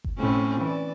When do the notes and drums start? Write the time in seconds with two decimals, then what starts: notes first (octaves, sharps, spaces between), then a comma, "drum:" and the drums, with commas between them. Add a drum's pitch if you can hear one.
0.04 drum: kick G1
0.18 A2 C4 C#4
0.61 E3 D5